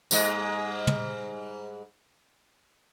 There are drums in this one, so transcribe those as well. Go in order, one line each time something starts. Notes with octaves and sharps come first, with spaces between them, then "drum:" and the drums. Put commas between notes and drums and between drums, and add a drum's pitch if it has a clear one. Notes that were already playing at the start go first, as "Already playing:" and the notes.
G#2 G3 D#5, drum: tambourine
drum: tom